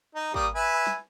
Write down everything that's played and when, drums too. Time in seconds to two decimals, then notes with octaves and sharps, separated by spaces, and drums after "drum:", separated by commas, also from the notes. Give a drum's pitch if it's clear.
0.15 D#4
0.34 G3 A#3 D#6, drum: kick
0.55 B4 E5 G#5
0.87 drum: snare